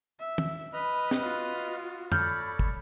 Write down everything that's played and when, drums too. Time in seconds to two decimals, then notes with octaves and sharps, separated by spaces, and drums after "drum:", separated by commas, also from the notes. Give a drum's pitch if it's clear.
0.19 E5
0.38 drum: tom
0.73 B4 D#5 B5 F6
1.11 drum: snare
1.22 F4 F#4
2.12 A4 C#5 D5 B5 F6 G6, drum: tom
2.59 drum: kick